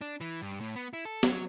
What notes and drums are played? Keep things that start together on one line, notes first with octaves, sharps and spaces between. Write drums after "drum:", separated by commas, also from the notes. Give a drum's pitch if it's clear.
D4
E3
G2
A2
B3
E4
A4
F#3, drum: snare